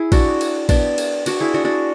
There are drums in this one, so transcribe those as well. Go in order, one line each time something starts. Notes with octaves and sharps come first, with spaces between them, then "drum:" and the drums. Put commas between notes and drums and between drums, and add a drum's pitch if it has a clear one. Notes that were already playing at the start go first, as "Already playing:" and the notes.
Already playing: E4 G#4
D4 F#4, drum: kick, cymbal
drum: cymbal
B3 D4, drum: kick, cymbal
drum: cymbal
D4 F#4, drum: cymbal
E4 G#4
D4 F#4
D4 F#4